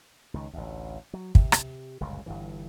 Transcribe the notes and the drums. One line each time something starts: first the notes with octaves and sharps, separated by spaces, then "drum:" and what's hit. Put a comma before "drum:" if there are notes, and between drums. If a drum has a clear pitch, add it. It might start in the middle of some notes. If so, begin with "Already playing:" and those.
C#2 D#3
A1 D2
F#3
C3, drum: kick
drum: rim click
G1 C#2 F#2 A#2
G1 G2 E3